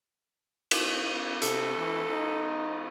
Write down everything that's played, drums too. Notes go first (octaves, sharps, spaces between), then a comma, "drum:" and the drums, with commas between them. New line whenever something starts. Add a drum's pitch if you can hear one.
drum: cymbal
C3 A4, drum: hi-hat
E3
D#4